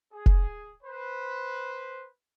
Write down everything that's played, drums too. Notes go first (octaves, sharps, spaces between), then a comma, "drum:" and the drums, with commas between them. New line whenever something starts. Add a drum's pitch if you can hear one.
G#4
drum: kick F1
B4 C5